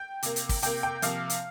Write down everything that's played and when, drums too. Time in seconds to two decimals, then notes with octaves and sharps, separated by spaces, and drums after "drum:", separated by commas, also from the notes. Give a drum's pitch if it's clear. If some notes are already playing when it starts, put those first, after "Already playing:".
Already playing: G5
0.23 C3 A#3, drum: hi-hat
0.36 drum: hi-hat
0.49 drum: kick, open hi-hat
0.62 C3 A#3 G5, drum: hi-hat
0.83 G5
1.02 C3 F3 A#3 F5, drum: hi-hat
1.30 drum: hi-hat